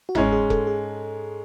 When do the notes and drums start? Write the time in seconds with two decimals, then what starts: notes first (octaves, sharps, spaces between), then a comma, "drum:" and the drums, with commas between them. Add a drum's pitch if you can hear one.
0.09 F#4
0.15 G#2 G#3 C#4 E4, drum: tom G1
0.32 G#4
0.50 A4, drum: kick F1
0.67 G#4